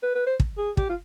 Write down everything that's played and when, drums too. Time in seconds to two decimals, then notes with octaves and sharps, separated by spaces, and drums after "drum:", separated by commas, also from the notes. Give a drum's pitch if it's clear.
0.03 B4
0.15 B4
0.27 C5
0.40 drum: kick
0.58 G#4
0.77 G4, drum: kick
0.89 F4